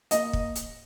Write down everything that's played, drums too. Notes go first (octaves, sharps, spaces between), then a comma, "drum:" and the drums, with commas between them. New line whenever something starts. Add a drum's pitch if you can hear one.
A#3 D#5, drum: hi-hat
drum: kick
drum: hi-hat